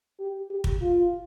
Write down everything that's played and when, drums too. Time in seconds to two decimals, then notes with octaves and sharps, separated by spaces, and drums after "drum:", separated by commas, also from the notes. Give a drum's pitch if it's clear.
0.19 G4
0.50 G4
0.64 drum: kick
0.81 F4